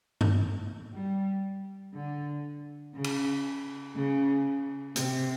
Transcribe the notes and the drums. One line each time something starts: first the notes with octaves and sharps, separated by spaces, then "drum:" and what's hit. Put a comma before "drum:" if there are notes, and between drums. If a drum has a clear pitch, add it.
drum: tom G2
G3
D3
C#3
drum: cymbal
C#3
C3, drum: hi-hat